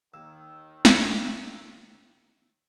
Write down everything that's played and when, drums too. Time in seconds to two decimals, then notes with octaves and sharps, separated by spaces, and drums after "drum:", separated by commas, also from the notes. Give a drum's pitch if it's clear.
0.14 D#2 D#3 E6
0.85 drum: snare